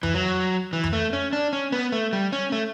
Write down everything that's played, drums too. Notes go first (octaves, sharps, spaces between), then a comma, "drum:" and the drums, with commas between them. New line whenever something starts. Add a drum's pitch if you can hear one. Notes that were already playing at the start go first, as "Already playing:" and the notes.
E3, drum: tom F2
F#3
E3
drum: tom F2
A3
C#4
D4
C#4
B3
A3
G3
C#4
A3